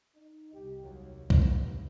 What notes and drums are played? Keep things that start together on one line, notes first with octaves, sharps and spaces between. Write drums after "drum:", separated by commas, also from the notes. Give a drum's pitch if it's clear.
D#4
C2 G4
D#2 F#3
G2 C#3 B3, drum: kick C2